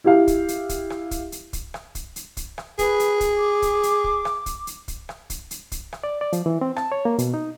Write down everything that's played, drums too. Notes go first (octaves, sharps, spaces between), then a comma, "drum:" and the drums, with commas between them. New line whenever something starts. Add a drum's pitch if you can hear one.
E4 G4 F5
drum: kick, hi-hat
drum: hi-hat
drum: kick, hi-hat
drum: rim click
drum: kick, hi-hat
drum: hi-hat
drum: kick, hi-hat
drum: rim click
drum: kick, hi-hat
drum: hi-hat
drum: kick, hi-hat
drum: rim click
G#4 B4, drum: kick, hi-hat
drum: hi-hat
drum: kick, hi-hat
D6
drum: kick, hi-hat
drum: hi-hat
drum: kick
drum: rim click
drum: kick, hi-hat
drum: hi-hat
drum: kick, hi-hat
drum: rim click
drum: kick, hi-hat
drum: hi-hat
drum: kick, hi-hat
drum: rim click
D5
D5
F3, drum: hi-hat
E3
C4
A5, drum: rim click
C#5
A#3
B2, drum: hi-hat
D#4